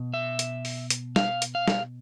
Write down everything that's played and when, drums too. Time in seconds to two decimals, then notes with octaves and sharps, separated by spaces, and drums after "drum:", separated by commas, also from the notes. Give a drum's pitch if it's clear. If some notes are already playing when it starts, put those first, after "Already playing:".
Already playing: B2
0.14 E5
0.39 drum: hi-hat
0.65 drum: open hi-hat
0.90 drum: hi-hat
1.16 F5, drum: snare
1.42 drum: hi-hat
1.55 F5
1.68 drum: snare